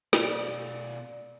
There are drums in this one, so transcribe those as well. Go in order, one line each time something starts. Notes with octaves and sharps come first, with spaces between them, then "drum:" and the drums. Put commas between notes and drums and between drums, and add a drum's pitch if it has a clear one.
B2 D5, drum: snare